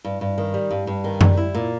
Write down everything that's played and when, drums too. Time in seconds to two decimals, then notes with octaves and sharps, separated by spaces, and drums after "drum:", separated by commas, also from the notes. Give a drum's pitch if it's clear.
0.05 G2
0.21 G2
0.38 D#3
0.54 G3
0.71 G2
0.87 G2
1.04 D#3
1.21 G3, drum: tom F#2
1.37 E4
1.55 A#2